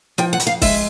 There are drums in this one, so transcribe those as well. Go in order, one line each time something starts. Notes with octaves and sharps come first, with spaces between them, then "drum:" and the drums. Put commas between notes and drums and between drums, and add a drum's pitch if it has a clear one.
F3 G5, drum: snare
F#5
F2, drum: hi-hat
F5
G#3 E5, drum: kick, open hi-hat